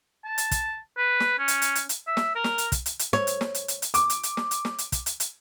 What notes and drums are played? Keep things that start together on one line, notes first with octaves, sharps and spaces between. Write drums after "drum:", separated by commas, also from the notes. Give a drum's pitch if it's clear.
A5
drum: hi-hat
drum: kick, hi-hat
B4
drum: snare
C#4
drum: hi-hat
drum: hi-hat
drum: hi-hat
drum: hi-hat
E5
drum: snare
A#4
drum: snare
drum: hi-hat
drum: kick, hi-hat
drum: hi-hat
drum: hi-hat
C#5, drum: snare
drum: hi-hat
drum: snare
drum: hi-hat
drum: hi-hat
drum: hi-hat
D6, drum: hi-hat
drum: hi-hat
drum: hi-hat
drum: snare
drum: hi-hat
drum: snare
drum: hi-hat
drum: kick, hi-hat
drum: hi-hat
drum: hi-hat